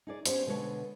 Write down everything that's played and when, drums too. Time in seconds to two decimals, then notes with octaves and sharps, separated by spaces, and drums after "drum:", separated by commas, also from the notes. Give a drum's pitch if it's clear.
0.07 D#4 G#4 D5
0.26 B3 C#4 G4 C5, drum: hi-hat
0.47 B2 D3 G#3 B4 C#5